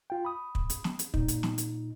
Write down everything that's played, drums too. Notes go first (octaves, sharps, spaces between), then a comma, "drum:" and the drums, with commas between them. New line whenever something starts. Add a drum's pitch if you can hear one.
F4 G5
B5 D#6
drum: kick
drum: hi-hat
drum: snare
drum: hi-hat
A#2 D#4, drum: kick
drum: hi-hat
drum: snare
drum: hi-hat